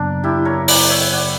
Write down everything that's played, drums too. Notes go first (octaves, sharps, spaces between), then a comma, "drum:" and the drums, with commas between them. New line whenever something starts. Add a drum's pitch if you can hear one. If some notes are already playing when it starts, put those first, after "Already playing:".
Already playing: F#2 C#3 F#3 A#3 B3 D4
E4 G4
A#4 C#5
B4 D5, drum: open hi-hat
C#5 E5
D5 F#5